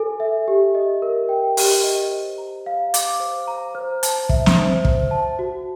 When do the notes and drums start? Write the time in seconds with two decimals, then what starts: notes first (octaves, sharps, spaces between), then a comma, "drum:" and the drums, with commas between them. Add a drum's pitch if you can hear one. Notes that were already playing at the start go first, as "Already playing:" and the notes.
Already playing: A4 G#5
0.20 E5
0.48 G4
0.75 D#5
1.02 A#4
1.29 G5
1.57 G4, drum: open hi-hat
1.83 D#5
2.11 C5
2.38 A#5
2.66 F5
2.94 D6, drum: hi-hat
3.20 C5
3.48 A#5
3.75 C5
4.03 A5, drum: hi-hat
4.29 E5, drum: kick
4.46 drum: snare
4.56 C5
4.85 C5, drum: kick
5.11 A5
5.39 F#4